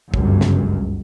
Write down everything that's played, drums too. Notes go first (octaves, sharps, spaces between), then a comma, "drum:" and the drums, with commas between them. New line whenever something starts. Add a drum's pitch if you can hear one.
G1 C#2 F#2, drum: kick
drum: snare